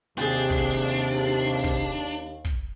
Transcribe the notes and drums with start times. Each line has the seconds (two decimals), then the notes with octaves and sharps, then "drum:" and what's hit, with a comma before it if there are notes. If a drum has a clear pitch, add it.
0.18 D#2 C3 D4 G4 G#4
0.50 drum: kick
1.64 drum: kick
2.45 drum: kick